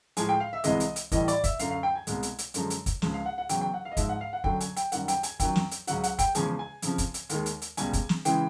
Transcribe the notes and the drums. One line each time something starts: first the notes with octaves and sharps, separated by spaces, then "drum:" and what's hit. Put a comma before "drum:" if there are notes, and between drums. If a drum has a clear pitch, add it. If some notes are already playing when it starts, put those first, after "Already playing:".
A2 F3 G#3 G#5, drum: hi-hat
G5
F5
E5
C2 C3 E3 G#3 D#5, drum: hi-hat
drum: hi-hat
drum: hi-hat
A2 E3 G3 D#5, drum: kick, hi-hat
D5, drum: hi-hat
E5, drum: kick, hi-hat
F#2 D3 F#3 F5, drum: hi-hat
F5
G5
G#5
C2 B2 G#3, drum: hi-hat
drum: hi-hat
drum: hi-hat
F#2 D3 F3 G#3, drum: hi-hat
drum: hi-hat
drum: kick, hi-hat
C#2 C#3 F3 G#3, drum: snare
F5
F#5
F#5
E2 C#3 F#3 G5, drum: hi-hat
G5
F#5
F5
D#5
G#2 F3 G#3 E5, drum: kick, hi-hat
F#5
F5
F#5
F#2 D3 F#3 G5, drum: kick
G#5, drum: hi-hat
G5, drum: hi-hat
F#2 D#3 G3 F#5, drum: hi-hat
G5, drum: hi-hat
G#5, drum: hi-hat
F#2 D#3 F#3 G5, drum: kick, hi-hat
drum: snare
drum: hi-hat
C#2 C#3 F#3 F#5, drum: hi-hat
F#5, drum: hi-hat
G5, drum: kick, hi-hat
E2 C#3 F3 G#3 G#5, drum: hi-hat
G#5
F2 C#3 F3, drum: hi-hat
drum: kick, hi-hat
drum: hi-hat
D#2 D#3 G#3, drum: hi-hat
drum: hi-hat
drum: hi-hat
C#2 B2 G3 G#5, drum: hi-hat
drum: kick, hi-hat
drum: snare
C#3 E3 G#3 G5, drum: hi-hat